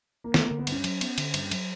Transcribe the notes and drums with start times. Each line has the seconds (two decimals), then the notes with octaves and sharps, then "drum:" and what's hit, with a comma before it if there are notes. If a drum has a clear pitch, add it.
0.24 A#3
0.34 A3 B3, drum: snare
0.46 A#3
0.51 D3
0.59 B3
0.67 G2 C#4, drum: cymbal
0.84 F#3, drum: cymbal
1.01 B3, drum: cymbal
1.18 D3, drum: cymbal
1.34 G2, drum: cymbal
1.51 F#3, drum: cymbal